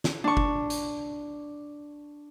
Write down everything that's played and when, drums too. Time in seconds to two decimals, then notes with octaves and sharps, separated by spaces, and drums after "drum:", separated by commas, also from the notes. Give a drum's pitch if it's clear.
0.04 drum: snare
0.24 D4 C#6
0.37 drum: kick F#1
0.70 drum: hi-hat